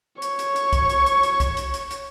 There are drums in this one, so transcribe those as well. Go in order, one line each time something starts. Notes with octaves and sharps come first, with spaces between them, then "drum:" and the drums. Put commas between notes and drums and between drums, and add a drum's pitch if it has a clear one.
C#5 C#6, drum: hi-hat
drum: hi-hat
drum: hi-hat
drum: kick C2, hi-hat
drum: hi-hat
drum: hi-hat
drum: hi-hat
drum: kick C2, hi-hat
drum: hi-hat
drum: hi-hat
drum: hi-hat